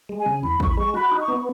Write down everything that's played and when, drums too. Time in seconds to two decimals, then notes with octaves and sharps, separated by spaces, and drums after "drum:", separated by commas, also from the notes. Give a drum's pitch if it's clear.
0.09 G#3
0.18 G#5
0.26 C#3
0.43 E2 B5
0.60 E2 C#6, drum: kick A1
0.68 B5
0.77 G#3 C#6
0.94 F#4 B5
1.12 D#4
1.20 C#6
1.28 B3